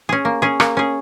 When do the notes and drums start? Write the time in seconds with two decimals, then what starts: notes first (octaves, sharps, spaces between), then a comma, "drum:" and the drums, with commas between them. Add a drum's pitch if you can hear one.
0.09 C#4 G#4
0.25 A#3
0.42 C#4 G#4
0.60 A#3, drum: rim click
0.77 C#4 G#4